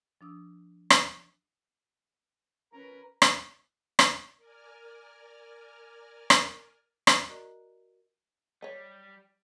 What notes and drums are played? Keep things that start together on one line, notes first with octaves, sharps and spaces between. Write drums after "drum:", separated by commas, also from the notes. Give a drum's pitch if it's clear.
F3 D4 D#6 E6
drum: rim click
C#4 A#4 B4 A#5
drum: rim click
drum: rim click
A#4 D5 G#5 F6
drum: rim click
drum: rim click
F#4 A#4 D5 D#5 A#5
G3 C#5 D#5